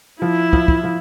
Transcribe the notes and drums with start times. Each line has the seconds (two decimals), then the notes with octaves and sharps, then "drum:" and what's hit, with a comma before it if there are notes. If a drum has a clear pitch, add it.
0.21 F3 E4
0.53 F3, drum: kick
0.68 drum: kick
0.84 F3